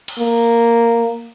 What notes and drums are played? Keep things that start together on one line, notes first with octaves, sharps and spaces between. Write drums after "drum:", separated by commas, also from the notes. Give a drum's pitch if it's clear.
drum: cymbal
A#3